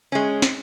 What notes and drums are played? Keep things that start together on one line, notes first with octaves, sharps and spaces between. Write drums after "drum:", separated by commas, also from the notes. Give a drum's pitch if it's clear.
G#3 C#4
drum: snare